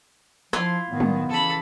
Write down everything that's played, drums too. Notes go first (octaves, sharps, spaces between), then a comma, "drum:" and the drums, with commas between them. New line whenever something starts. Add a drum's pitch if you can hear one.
F3 E4 F4 C6, drum: rim click
A2 D#3 B3
drum: tom
C#3 E3 A4 B5